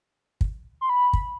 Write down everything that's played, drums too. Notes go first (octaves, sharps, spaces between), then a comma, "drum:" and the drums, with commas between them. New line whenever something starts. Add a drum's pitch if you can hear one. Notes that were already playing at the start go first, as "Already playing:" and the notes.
drum: kick
C6
B5
drum: kick